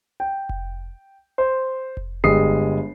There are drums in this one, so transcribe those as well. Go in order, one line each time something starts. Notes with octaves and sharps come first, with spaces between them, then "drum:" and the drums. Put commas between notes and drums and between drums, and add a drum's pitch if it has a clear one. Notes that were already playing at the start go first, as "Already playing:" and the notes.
G5
drum: kick F1
C5
drum: kick F1
G1 G3 G#3 D#6 C7, drum: kick F1